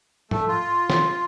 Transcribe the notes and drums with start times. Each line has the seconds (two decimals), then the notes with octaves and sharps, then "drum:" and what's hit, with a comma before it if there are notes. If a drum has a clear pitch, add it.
0.31 A3, drum: tom G#2
0.48 F4
0.90 drum: snare